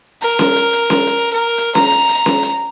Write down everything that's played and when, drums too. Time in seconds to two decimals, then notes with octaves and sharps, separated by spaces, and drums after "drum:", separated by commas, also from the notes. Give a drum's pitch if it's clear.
0.22 A#4, drum: hi-hat
0.39 drum: snare C#4
0.56 drum: hi-hat
0.73 drum: hi-hat
0.90 drum: snare C#4
1.07 drum: hi-hat
1.33 A#4
1.58 drum: hi-hat
1.75 A#5, drum: snare C#4
1.92 drum: hi-hat
2.09 drum: hi-hat
2.26 drum: snare C#4
2.43 drum: hi-hat